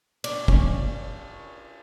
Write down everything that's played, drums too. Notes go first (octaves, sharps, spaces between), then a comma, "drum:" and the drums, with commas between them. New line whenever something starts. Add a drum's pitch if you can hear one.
D4, drum: cymbal
C#4, drum: kick